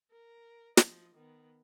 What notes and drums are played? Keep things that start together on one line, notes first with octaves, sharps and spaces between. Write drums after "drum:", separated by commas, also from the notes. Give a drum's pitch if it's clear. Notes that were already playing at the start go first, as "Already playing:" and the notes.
A#4
F3 D#5, drum: snare
D#3 B3